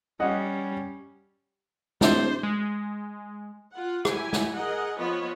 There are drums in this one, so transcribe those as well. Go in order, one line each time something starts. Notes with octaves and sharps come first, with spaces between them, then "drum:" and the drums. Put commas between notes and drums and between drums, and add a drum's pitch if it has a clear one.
G3 C#4 D#5 F#5
D1 D4 C5, drum: snare
G#3
F4 F#5
F#3 E4 G4 G#5, drum: rim click
drum: snare
G#4 A#4 D#5 F#5
F3 B3 F4 B4 C#5 D#5